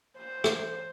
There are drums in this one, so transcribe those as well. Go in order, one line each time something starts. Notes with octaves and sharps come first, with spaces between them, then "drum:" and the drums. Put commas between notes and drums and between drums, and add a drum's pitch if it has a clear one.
C5
drum: rim click